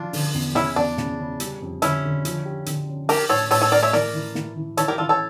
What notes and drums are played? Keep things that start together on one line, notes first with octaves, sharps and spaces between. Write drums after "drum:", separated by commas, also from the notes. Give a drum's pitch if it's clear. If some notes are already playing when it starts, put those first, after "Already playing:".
Already playing: F3 D4 F4
D3, drum: open hi-hat
E2
C#3 C#4 E4, drum: snare
E2 D4
C#3, drum: snare
C#3
G3, drum: hi-hat
F2
D3 C#4 E4, drum: hi-hat
D3
F3, drum: hi-hat
G4
D3, drum: hi-hat
C#4
D4 G4 A#4, drum: open hi-hat
A2 A4 C#5
A2 A4 C#5, drum: open hi-hat
A4 C#5
A3 A#4 D5
C#5 E5
E3 A#4 D5, drum: snare
E3
E3, drum: snare
E3
E3 A4 C#5, drum: hi-hat
G4 A#4
E3 F4 A4
A4 C#5